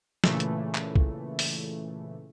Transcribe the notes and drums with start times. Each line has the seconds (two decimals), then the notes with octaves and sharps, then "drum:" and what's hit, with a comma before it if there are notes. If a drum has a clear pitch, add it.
0.24 A#2 C#3 E3 A3, drum: snare
0.40 drum: hi-hat
0.75 drum: clap
0.96 drum: kick
1.39 drum: open hi-hat